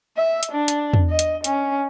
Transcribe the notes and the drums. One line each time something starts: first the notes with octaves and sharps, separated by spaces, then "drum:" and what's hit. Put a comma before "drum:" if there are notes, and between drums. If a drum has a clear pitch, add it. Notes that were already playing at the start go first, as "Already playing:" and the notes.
E5
drum: hi-hat
D4
drum: hi-hat
drum: tom E2
D#5
drum: hi-hat
C#4, drum: hi-hat